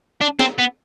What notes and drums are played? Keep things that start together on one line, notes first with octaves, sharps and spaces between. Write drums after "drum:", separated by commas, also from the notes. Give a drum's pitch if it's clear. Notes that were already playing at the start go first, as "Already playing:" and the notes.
D4
C4, drum: snare
B3